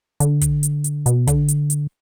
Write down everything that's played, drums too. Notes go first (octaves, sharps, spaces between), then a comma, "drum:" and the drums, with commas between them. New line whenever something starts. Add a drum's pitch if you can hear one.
D3, drum: hi-hat
drum: kick, hi-hat
drum: hi-hat
drum: hi-hat
B2, drum: hi-hat
D3, drum: kick, hi-hat
drum: hi-hat
drum: hi-hat